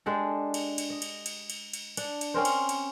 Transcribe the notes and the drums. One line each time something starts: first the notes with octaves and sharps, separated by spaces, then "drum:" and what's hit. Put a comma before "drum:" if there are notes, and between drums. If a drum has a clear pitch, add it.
G#3 D4 G4 A4
drum: cymbal
drum: cymbal
D#5
drum: cymbal
drum: cymbal
drum: cymbal
drum: cymbal
D4, drum: cymbal
drum: cymbal
C4 C#4 A#4 C5
drum: cymbal
drum: cymbal